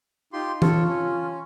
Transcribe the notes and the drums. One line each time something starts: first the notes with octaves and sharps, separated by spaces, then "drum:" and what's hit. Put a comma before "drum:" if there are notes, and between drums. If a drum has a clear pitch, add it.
D#4 F4 G4 C6
F4 A4 C#5, drum: tom E3
C#4